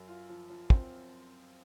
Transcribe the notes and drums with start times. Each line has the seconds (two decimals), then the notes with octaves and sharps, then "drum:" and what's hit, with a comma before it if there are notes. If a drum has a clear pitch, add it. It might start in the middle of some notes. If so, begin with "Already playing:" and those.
Already playing: F#2
0.08 F4
0.29 F3
0.50 F3
0.70 C4, drum: kick